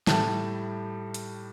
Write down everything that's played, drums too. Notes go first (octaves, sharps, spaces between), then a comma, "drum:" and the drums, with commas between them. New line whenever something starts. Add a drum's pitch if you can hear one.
A2 G3 A5, drum: snare
drum: hi-hat